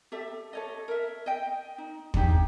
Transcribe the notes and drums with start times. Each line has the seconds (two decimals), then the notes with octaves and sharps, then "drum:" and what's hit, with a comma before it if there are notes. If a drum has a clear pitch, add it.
0.12 G4 A4 E5
0.53 A4 C#5 D#5
0.88 A#4 E5
1.26 D#5 G5
1.78 D#4
2.14 D4 D#4 G4 G#4, drum: kick